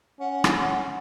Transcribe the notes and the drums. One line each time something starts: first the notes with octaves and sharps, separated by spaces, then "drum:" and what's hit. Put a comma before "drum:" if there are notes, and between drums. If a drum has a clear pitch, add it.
C#4 F#5
drum: rim click